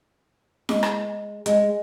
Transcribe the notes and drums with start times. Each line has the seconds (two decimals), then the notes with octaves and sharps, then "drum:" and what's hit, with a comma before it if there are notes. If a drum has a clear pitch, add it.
0.69 G#3, drum: snare
0.83 drum: rim click
1.46 G#3, drum: hi-hat